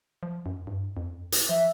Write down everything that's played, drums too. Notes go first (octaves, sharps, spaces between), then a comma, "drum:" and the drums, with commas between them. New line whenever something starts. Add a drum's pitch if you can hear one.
F3
F#2
G2
F2
drum: hi-hat
F3 E5